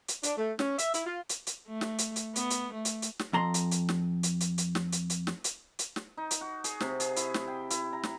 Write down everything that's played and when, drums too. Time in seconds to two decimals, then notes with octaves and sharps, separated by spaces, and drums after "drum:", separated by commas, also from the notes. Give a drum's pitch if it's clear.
0.08 drum: hi-hat
0.23 D4, drum: hi-hat
0.37 A3
0.59 C#4, drum: snare
0.78 E5, drum: hi-hat
0.94 E4, drum: hi-hat
1.05 F4
1.29 drum: hi-hat
1.47 drum: hi-hat
1.68 A3
1.81 drum: snare
1.98 drum: hi-hat
2.16 drum: hi-hat
2.36 B3, drum: hi-hat
2.50 drum: hi-hat
2.73 A3
2.85 drum: hi-hat
3.02 drum: hi-hat
3.19 drum: snare
3.33 F2 A#5 C6
3.54 drum: hi-hat
3.71 drum: hi-hat
3.89 drum: snare
4.23 drum: hi-hat
4.40 drum: hi-hat
4.58 drum: hi-hat
4.75 drum: snare
4.92 drum: hi-hat
5.10 drum: hi-hat
5.27 drum: snare
5.44 drum: hi-hat
5.79 drum: hi-hat
5.96 drum: snare
6.17 D#4
6.31 drum: hi-hat
6.41 F#4
6.64 G#4, drum: hi-hat
6.80 C3, drum: snare
7.00 G#4, drum: hi-hat
7.16 E4, drum: hi-hat
7.34 drum: snare
7.47 G5
7.70 E4, drum: hi-hat
7.93 A#5
8.03 drum: snare